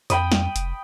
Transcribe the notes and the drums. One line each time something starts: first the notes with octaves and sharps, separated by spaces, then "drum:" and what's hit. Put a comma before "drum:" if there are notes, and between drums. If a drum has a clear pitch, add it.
F2 G5 B5 D#6, drum: hi-hat
drum: snare
F1, drum: hi-hat